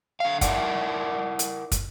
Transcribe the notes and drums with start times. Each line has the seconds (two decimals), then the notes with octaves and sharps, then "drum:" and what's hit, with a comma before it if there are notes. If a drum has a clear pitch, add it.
0.20 D3 F5
0.41 E4 A#4 D5 F#5, drum: kick, hi-hat
1.39 drum: hi-hat
1.72 drum: kick, hi-hat